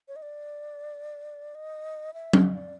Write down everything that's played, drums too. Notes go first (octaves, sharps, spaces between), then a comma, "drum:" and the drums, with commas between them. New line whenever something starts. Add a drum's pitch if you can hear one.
C#5
D#5
D5
D#5
E5
D#5, drum: tom F#3
D5